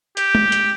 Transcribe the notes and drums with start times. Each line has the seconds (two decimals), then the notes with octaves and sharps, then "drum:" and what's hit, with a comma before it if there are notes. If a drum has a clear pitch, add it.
0.17 G4, drum: hi-hat
0.35 drum: tom G#3
0.52 drum: hi-hat